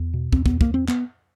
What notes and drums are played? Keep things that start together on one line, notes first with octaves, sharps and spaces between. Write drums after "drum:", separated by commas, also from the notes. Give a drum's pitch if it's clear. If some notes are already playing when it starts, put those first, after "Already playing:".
Already playing: E2
B2
E2 C4, drum: kick
E2 B3, drum: kick
A#3, drum: kick
E2 C4
B3, drum: clap